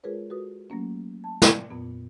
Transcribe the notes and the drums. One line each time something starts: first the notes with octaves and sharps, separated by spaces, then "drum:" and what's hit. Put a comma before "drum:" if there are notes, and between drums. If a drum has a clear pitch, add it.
G#3 F4 G#4 A#4 B4 C#5
F#4 A4 B4 D#6
F#3 A3 A#3 C#4
A5
B4 D5 G#6, drum: snare
F2 A#2 B3